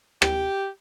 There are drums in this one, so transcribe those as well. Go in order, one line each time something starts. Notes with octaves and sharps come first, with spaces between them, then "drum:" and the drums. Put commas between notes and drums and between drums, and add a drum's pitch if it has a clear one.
G4, drum: rim click